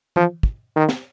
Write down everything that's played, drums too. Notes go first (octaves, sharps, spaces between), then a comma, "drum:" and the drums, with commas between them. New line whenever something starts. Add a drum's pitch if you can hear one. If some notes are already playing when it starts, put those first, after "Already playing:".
F3, drum: tom E3
drum: kick
D#3
drum: snare